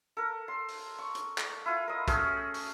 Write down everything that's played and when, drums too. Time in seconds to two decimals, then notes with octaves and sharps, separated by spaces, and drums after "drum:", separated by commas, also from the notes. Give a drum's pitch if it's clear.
0.17 A4 A#4
0.48 C6
0.68 drum: open hi-hat
0.98 C#6
1.15 drum: hi-hat
1.38 drum: clap
1.65 E4 F4
1.88 A#4 D#5
2.08 A3 C#4 F#4 G#4, drum: kick, hi-hat
2.54 drum: open hi-hat